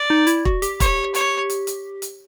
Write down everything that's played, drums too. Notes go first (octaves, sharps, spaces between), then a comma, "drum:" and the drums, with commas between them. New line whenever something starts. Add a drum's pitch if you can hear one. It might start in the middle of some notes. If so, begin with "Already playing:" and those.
Already playing: D5
D#4
E4, drum: hi-hat
F#4, drum: kick
G4, drum: hi-hat
C#5, drum: kick, hi-hat
C#5, drum: hi-hat
drum: hi-hat
drum: hi-hat
drum: hi-hat